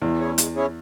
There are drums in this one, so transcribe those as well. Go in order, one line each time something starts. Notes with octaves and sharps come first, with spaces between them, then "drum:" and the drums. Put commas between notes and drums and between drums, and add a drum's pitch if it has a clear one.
E2 G#3
C#4 E4 G#4 C#5
G#3, drum: hi-hat
C#4 E4 G#4 C#5